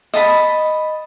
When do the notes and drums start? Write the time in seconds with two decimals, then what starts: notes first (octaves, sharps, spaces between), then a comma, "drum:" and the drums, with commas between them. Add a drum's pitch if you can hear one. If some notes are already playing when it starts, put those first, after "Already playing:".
0.14 D#5 A5 B5, drum: tambourine